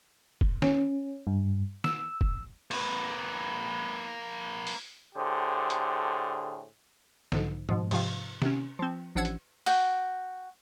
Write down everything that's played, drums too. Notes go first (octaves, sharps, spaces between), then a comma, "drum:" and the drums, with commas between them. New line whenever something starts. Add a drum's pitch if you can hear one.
drum: kick
C#4, drum: snare
G2
E6, drum: snare
drum: kick
A#3 B4, drum: cymbal
drum: open hi-hat
A2 D3 G4 G#4 C5
drum: hi-hat
B1 G#2 D3 F3, drum: snare
G#2 B2 F3 G#3, drum: tom
G#2 C3 F3 F4 F5, drum: cymbal
C3 C#4, drum: snare
F3 C4
A1 F3 D4 F#5 E6 G#6
drum: hi-hat
F#4 G5, drum: open hi-hat